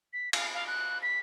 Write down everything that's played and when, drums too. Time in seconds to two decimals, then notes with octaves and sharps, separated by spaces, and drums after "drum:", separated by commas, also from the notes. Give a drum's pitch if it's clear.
0.13 B6
0.33 F5, drum: cymbal
0.54 F5
0.67 F#6
1.02 B6